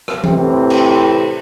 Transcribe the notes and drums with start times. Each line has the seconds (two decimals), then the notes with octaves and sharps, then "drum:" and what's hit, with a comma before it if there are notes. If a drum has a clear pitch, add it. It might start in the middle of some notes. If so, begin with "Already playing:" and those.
0.08 drum: rim click
0.24 A2 C3 E3 C4, drum: tom E3
0.70 drum: cymbal